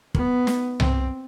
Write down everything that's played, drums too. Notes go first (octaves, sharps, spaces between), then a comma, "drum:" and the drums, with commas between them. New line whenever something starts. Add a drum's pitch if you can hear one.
B3, drum: kick
drum: snare
C4, drum: tom C2